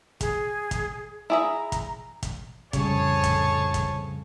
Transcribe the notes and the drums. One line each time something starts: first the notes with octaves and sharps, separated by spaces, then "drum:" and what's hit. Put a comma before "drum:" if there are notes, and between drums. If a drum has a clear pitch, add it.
G#4, drum: kick, hi-hat
drum: kick, hi-hat
E4 G#4 E5 A#5
drum: kick, hi-hat
drum: kick, hi-hat
C2 F2 A2 C#3 G3 G#4 C#5 A5, drum: kick, hi-hat
drum: kick, hi-hat
drum: kick, hi-hat